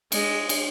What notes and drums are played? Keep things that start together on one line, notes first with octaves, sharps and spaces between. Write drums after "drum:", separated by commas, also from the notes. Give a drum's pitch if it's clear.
G#3, drum: cymbal
drum: cymbal